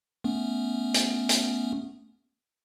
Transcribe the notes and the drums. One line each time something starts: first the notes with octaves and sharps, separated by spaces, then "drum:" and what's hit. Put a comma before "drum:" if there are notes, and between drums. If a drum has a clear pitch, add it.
A3 B3 C#4
drum: hi-hat
drum: hi-hat